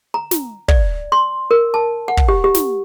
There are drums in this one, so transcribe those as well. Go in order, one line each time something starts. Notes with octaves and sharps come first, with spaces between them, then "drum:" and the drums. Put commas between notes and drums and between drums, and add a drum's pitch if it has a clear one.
A#5
drum: snare
D5, drum: kick
C6
A#4
A5
F#5
drum: kick
G4
G4
drum: snare